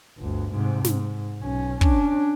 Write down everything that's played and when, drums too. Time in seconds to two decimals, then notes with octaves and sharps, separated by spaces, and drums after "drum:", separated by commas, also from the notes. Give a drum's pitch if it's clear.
0.18 G1 D2
0.53 G#2 C3
0.84 G#2, drum: snare
1.40 B1 C#4
1.81 C#4 D4, drum: kick